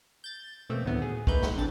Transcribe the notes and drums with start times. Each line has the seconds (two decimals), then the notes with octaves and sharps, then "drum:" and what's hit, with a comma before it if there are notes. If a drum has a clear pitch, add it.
0.24 G6 A6
0.69 E2 B2 A3 A#3 C4
0.85 D2 A2 D3 D#3 F#3 B3
1.02 G#4
1.27 A3 A#3 D#4 B4 B5 G6, drum: kick
1.42 drum: snare
1.56 A1 C4 D4 A6